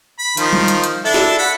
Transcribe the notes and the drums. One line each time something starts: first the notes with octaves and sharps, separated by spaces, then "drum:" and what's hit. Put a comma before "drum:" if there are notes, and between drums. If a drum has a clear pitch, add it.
B5
D#3 F3, drum: hi-hat
drum: tom G3
drum: hi-hat
drum: hi-hat
D4 E4 A4
drum: snare
F#5 B5